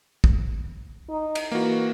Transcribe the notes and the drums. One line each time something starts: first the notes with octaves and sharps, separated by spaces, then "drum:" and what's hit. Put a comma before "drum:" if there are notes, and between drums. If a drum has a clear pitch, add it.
drum: kick
D#4
drum: cymbal
E3 A#3 F#4